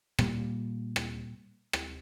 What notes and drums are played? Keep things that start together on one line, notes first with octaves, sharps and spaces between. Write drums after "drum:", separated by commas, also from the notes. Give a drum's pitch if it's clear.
A#2 G3 A#3, drum: rim click
drum: rim click
drum: rim click